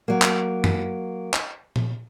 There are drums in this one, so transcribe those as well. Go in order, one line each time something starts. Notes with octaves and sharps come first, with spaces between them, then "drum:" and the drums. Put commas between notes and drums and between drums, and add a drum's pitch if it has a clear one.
F#3 A#3
drum: clap
drum: tom F#2
drum: clap
drum: tom A#2